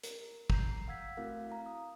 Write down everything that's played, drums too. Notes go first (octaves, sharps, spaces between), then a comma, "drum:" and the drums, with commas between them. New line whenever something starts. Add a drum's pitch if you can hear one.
A#4, drum: hi-hat
A#5 G6 C7, drum: kick
F5 F#5 E6 G#6 B6
A3 C4 E4 F#4 A#4 F5
F5 A#5
D#6